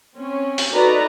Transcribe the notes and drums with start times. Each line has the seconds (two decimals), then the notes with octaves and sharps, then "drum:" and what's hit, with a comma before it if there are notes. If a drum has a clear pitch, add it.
0.16 C4 C#4
0.58 drum: open hi-hat
0.73 D#4 F#4 A4 B4 D5 A#5